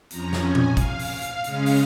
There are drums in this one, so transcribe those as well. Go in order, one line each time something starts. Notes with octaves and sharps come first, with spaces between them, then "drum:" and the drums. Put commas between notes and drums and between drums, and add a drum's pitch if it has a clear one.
F2 F3 C#4 A#5, drum: hi-hat
drum: snare
G#5
drum: tom A#2
F5, drum: kick, hi-hat
drum: open hi-hat
drum: hi-hat
C#3 G#3 C#4, drum: hi-hat
drum: open hi-hat